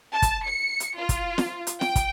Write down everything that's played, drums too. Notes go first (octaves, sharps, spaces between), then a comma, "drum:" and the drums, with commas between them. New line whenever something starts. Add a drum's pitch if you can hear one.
A5
drum: kick, hi-hat
C#7
drum: hi-hat
F4
drum: kick, hi-hat
drum: snare
drum: hi-hat
G5, drum: snare
drum: kick, hi-hat